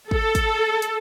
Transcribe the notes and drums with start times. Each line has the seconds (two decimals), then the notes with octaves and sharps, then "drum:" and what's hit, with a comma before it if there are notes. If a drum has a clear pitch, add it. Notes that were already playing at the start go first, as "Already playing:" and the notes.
0.11 A4, drum: kick
0.35 drum: kick, hi-hat
0.82 drum: hi-hat